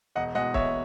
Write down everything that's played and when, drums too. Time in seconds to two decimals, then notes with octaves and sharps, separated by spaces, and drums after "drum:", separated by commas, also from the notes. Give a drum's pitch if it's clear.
0.15 E1 D#5 F#5
0.35 E2 B2 G#3 D#5 F#5
0.54 E1 C#5 E5, drum: kick C#1